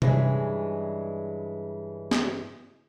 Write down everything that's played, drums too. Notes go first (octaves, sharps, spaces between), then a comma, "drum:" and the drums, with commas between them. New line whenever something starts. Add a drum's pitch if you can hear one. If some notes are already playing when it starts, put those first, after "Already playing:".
G2 C#3 E3 G3 G#3, drum: tom C3
drum: snare